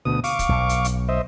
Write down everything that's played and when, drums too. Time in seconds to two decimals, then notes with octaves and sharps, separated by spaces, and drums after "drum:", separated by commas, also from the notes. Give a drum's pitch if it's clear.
0.05 D2 B2 D#6
0.24 F5 C#6 D6, drum: open hi-hat
0.39 drum: kick, hi-hat
0.49 B1 B2
0.69 drum: hi-hat
0.85 drum: hi-hat
1.09 C5 D#5 E5